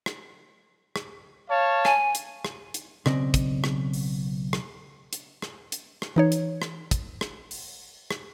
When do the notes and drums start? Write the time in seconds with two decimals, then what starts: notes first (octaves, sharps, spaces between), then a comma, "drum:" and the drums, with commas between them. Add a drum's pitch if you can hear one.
0.06 drum: rim click
0.96 drum: rim click
1.50 C#5 F5 A5
1.85 G#5, drum: rim click
2.15 drum: hi-hat
2.45 drum: rim click
2.74 drum: hi-hat
3.06 B1 C#3 C4 D5 D#5, drum: rim click
3.34 drum: kick, hi-hat
3.64 drum: rim click
3.93 drum: open hi-hat
4.53 drum: rim click
5.13 drum: hi-hat
5.42 drum: rim click
5.72 drum: hi-hat
6.02 drum: rim click
6.16 E3 D#4 C#5
6.32 drum: hi-hat
6.62 drum: rim click
6.91 drum: kick, hi-hat
7.21 drum: rim click
7.51 drum: open hi-hat
8.11 drum: rim click